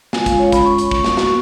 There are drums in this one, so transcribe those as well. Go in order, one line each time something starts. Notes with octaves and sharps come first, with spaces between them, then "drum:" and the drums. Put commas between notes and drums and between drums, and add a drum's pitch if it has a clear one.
G#3 C#4 F4 G#5, drum: snare
F5, drum: kick, hi-hat
C#5
B5, drum: kick, hi-hat
C#6
drum: hi-hat
drum: kick
drum: snare
B3 F#4 C#6, drum: snare